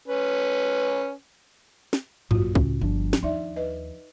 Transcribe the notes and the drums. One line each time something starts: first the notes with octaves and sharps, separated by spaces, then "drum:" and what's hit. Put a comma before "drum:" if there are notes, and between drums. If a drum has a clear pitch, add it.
C#4 B4
drum: snare
A#1 F#2 A#2 F4 F#4, drum: tom G2
C#2 A2 C#4, drum: kick
G1 F3 D4
drum: snare
D#2 D#4 D5 E5
B4 D#5